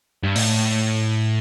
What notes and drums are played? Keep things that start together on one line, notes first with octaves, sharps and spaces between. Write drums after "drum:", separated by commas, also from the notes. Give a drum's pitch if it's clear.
G2
A2, drum: open hi-hat